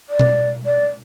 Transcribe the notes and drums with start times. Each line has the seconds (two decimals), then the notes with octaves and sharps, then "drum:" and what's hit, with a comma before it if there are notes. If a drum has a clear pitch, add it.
0.09 D5
0.19 drum: tom B2
0.66 D5